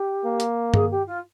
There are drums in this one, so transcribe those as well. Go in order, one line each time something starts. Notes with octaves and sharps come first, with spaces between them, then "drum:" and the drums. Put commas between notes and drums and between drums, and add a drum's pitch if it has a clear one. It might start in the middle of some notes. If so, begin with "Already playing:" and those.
Already playing: G4
A#3
drum: hi-hat
G#4, drum: tom G2
G4
F4